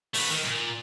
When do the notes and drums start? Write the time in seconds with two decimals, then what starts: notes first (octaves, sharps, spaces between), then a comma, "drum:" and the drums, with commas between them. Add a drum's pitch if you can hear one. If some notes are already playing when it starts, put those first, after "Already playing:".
0.14 A3 B4, drum: open hi-hat
0.29 D#3
0.45 A#2